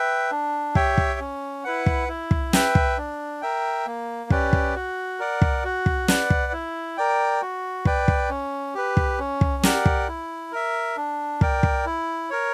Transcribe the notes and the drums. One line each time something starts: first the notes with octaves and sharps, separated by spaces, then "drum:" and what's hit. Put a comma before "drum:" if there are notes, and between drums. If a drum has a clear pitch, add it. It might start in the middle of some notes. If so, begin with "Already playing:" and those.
Already playing: B4 E5 G5
D4
G4 C#5 E5 G5, drum: kick
drum: kick
C#4
E4 B4 F#5
drum: kick
E4
drum: kick
B4 E5 G5, drum: snare
drum: kick
D4
A#4 E5 G5
A#3
C#4 G4 B4 D5, drum: kick
drum: kick
F#4
A#4 D5 F#5
drum: kick
F#4
drum: kick
B4 D5 F#5, drum: snare
drum: kick
E4
A#4 D5 G5
F#4
B4 D5 G5, drum: kick
drum: kick
C#4
G4 B4
drum: kick
C#4
drum: kick
G4 A#4 D5 F#5, drum: snare
drum: kick
E4
A#4 E5
D4
A#4 D5 G5, drum: kick
drum: kick
E4
A#4 C#5